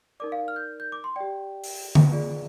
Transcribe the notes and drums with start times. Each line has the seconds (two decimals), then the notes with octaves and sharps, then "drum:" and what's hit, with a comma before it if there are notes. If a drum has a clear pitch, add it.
0.20 D#4 A#4 D5 D6
0.32 F5
0.48 F6
0.56 G6
0.80 G6
0.92 D6
1.04 C6
1.16 G4 D5 G5
1.64 drum: open hi-hat
1.95 drum: tom D3
2.12 F4 G#4 D5